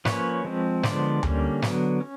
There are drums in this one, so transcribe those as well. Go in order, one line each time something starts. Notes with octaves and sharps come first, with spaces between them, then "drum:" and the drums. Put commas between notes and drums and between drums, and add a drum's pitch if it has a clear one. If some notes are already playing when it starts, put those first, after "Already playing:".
F3 A#3 C#4 B4 C#5, drum: snare
F3 G#3 C4
D3 F3 G#3 B3 C5 D5, drum: snare
D3 G3 A#3 C#4, drum: tom D2
D3 F#3 B3, drum: snare
C#4